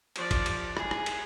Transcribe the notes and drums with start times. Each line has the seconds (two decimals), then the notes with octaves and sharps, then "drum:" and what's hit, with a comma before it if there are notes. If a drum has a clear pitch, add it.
0.16 F3 D5, drum: cymbal
0.31 drum: kick G#1, cymbal
0.46 drum: cymbal
0.77 G#4, drum: rim click
0.91 drum: rim click
1.06 drum: cymbal